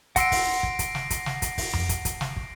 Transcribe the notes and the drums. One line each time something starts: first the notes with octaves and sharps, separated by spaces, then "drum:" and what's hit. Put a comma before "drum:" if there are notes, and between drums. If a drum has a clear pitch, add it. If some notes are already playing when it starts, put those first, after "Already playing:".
F#5 C6 E6 A#6 C7 D7, drum: kick, hi-hat
drum: kick, open hi-hat
drum: kick
drum: kick, hi-hat
drum: snare
drum: kick, hi-hat
drum: snare
drum: kick, hi-hat
drum: kick, open hi-hat
drum: tom F2
drum: kick, hi-hat
drum: kick, hi-hat
drum: snare
drum: kick